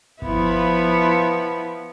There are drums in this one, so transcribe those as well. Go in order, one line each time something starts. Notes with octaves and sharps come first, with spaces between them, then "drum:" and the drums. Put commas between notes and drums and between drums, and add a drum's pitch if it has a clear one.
F3 B3 E4, drum: kick G1